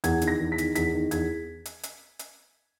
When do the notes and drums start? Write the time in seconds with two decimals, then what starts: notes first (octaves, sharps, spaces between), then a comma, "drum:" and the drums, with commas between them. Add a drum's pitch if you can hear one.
0.04 E2 G#6, drum: hi-hat
0.21 D#3, drum: hi-hat
0.27 A#6
0.40 E2
0.52 B6
0.58 D#3, drum: hi-hat
0.75 E2 B6, drum: hi-hat
0.94 D#3
1.11 E2 G#6, drum: hi-hat
1.65 drum: hi-hat
1.83 drum: hi-hat
2.19 drum: hi-hat